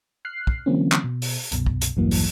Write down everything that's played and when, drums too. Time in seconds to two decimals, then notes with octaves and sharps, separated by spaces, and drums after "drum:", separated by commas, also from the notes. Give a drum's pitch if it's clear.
0.25 F6 F#6 C7
0.47 drum: kick
0.66 D3 E3 F#3 A#3 C4 C#4
0.92 drum: clap
1.04 B2
1.22 drum: open hi-hat
1.52 C2 F#2 B2, drum: hi-hat
1.66 drum: kick
1.81 drum: hi-hat
1.96 A#1 E2 G2 E3 F#3 A#3
2.11 drum: open hi-hat